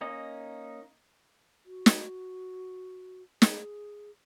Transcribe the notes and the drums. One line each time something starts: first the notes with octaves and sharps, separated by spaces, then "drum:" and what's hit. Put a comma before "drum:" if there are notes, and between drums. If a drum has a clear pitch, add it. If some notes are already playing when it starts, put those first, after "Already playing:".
A#3 C#4 D#4 D#5
F#4
drum: snare
G#4, drum: snare